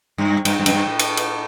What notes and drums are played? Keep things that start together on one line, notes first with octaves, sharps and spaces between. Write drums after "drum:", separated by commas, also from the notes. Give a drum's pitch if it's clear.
G2
G2, drum: cymbal
G2
F#2, drum: cymbal
G2
A2
drum: cymbal
drum: cymbal